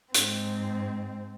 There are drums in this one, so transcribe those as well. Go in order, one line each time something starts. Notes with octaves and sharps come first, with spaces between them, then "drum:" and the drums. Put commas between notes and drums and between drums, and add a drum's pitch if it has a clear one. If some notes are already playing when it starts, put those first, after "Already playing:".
G#2 C4, drum: hi-hat